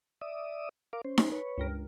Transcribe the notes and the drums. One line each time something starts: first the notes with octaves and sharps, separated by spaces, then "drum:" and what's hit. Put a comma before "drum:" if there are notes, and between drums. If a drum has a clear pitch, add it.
D5 E5 D#6
A#4 F5 D6
C#4 C5
drum: snare D#4
B4 C#5
C#2 G2 A#4